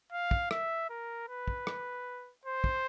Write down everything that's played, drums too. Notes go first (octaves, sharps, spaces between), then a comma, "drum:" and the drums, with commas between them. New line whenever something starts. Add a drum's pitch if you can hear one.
F5
drum: kick
E5, drum: rim click
A#4
B4
drum: kick
drum: rim click
C5
drum: kick